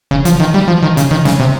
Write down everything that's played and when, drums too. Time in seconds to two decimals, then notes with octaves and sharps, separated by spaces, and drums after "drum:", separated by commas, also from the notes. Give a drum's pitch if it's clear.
0.11 C#3, drum: kick
0.25 F3, drum: hi-hat
0.40 D#3
0.54 G3
0.68 F3
0.83 D#3
0.97 C#3, drum: hi-hat
1.11 D#3
1.25 C#3, drum: snare
1.40 C3